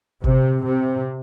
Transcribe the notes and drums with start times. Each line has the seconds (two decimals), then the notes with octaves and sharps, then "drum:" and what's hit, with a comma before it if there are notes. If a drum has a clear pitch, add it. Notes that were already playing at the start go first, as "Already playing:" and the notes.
0.24 C3, drum: kick G1
0.64 C3